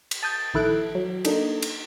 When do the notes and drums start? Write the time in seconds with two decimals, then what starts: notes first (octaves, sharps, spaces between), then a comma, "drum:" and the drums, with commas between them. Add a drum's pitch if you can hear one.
0.11 drum: cymbal
0.23 A5 D#6 G6 A6
0.54 A#1 D#3 E4 A4 F#6 D7
0.95 F#3
1.25 A#3 D4 D#4 A4, drum: cymbal
1.62 drum: cymbal